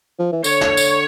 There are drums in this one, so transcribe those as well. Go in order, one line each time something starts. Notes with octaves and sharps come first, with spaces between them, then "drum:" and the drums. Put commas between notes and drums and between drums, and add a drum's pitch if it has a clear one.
F3
E3
D3 C#5, drum: tambourine
drum: snare
drum: tambourine